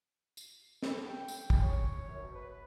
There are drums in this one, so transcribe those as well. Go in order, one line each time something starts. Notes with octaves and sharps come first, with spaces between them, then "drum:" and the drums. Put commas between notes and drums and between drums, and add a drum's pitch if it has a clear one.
drum: tambourine
A4, drum: snare
G5
drum: tambourine
G#4, drum: kick
C#5
F#2
B2
B4